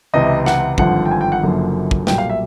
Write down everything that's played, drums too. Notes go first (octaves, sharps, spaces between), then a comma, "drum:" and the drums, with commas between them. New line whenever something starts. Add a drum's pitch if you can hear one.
C#2 C3 E3 D#5
F#5, drum: snare
G#1 G2 D3 F3 F#5, drum: kick
G5
G#5
G5
F#5
F#1 F#2 D3 F3 A#3
drum: kick
B1 A#2 G3 G5, drum: snare
F5
E5